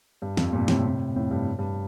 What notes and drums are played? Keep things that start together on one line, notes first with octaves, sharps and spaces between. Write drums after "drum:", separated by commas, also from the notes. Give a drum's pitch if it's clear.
G2
F2, drum: snare
G2 A#2
A2 C3, drum: snare
A2 C3
F2 A2
G2
G2